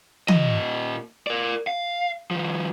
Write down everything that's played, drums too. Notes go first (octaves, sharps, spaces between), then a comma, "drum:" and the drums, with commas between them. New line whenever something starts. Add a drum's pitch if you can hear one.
A#2 D#5, drum: tom
A#4 D5
F5
D#3 F3